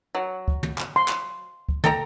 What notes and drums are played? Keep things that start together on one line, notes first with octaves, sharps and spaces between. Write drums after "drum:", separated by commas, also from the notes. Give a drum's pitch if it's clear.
F#3
drum: kick
drum: tom
drum: clap
C6
drum: clap
drum: kick
A4 G5 A#5, drum: tom